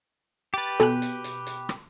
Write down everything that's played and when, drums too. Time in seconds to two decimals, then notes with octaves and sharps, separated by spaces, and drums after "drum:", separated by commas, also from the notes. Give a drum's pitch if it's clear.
0.54 G4 B4 A6
0.80 B2 A4 G#5 F#6, drum: rim click
1.02 drum: hi-hat
1.24 drum: hi-hat
1.47 drum: hi-hat
1.69 drum: rim click